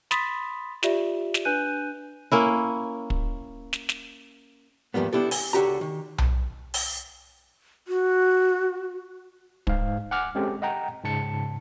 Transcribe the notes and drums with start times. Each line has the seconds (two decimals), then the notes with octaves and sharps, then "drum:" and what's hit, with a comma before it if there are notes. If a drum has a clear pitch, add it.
0.11 B5 C6 D#6 A6 B6, drum: snare
0.83 F4 G4 D5 E5, drum: snare
1.34 drum: snare
1.45 D4 B4 G#5 F#6 G6 D#7
2.32 A#3 C#4 E4
3.10 drum: kick
3.73 drum: snare
3.89 drum: snare
4.94 E2 G#2 F3 G3 A#3 B3
5.13 B3 D4 E4 G4 A4
5.31 G#5, drum: open hi-hat
5.53 C#2 D3 F#4 G4 A#5
5.81 D#3
6.18 drum: tom B1
6.74 drum: open hi-hat
7.88 F#4
9.67 G#2 F5, drum: kick
10.11 F#5 G#5 D6 F6
10.35 G#3 C4 C#4 G4 A4
10.62 D#5 F#5 G5 A#5
11.04 G#2 C#3 A5 C#7